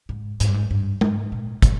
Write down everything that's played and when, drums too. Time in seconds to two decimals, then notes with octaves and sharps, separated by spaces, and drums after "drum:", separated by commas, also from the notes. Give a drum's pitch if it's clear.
0.09 G#2
0.40 G#2, drum: hi-hat
0.47 G2
0.54 G#2
0.71 G2
1.01 G#2, drum: tom
1.32 A#2
1.62 A#2, drum: kick, hi-hat